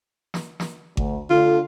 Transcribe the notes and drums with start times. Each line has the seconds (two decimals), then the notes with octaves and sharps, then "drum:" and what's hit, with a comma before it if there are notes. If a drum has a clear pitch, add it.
0.34 drum: snare
0.60 drum: snare
0.97 D2, drum: kick G#1
1.30 D3 A3 F4